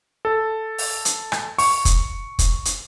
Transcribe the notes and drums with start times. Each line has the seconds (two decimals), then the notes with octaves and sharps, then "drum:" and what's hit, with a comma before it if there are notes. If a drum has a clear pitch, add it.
0.25 A4
0.78 drum: open hi-hat
1.05 drum: hi-hat
1.32 drum: rim click
1.58 C#6, drum: open hi-hat
1.85 drum: kick, hi-hat
2.39 drum: kick, hi-hat
2.65 drum: hi-hat